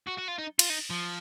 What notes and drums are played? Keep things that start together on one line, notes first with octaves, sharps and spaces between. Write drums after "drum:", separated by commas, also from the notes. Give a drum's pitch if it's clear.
F#4
F#4
F4
D#4
F4, drum: cymbal
D#4
F3